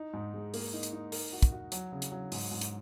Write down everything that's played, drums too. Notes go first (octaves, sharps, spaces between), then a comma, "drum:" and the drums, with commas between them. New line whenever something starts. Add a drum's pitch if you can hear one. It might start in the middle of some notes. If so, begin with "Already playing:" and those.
Already playing: D#4
G#2
G#3
A#3, drum: open hi-hat
D#4
drum: hi-hat
D#4
A#4, drum: open hi-hat
F#4
drum: kick, hi-hat
F#4
F#3, drum: hi-hat
C#3
drum: hi-hat
F#3
G#2, drum: open hi-hat
G#2
drum: hi-hat